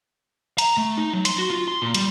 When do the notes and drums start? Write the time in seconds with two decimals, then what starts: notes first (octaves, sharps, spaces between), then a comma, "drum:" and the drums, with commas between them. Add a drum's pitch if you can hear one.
0.58 A#5, drum: hi-hat
0.78 A3
0.97 D#4
1.13 F#3
1.25 C6, drum: hi-hat
1.38 F#4
1.50 F4
1.68 C6
1.82 A#2
1.94 G3, drum: hi-hat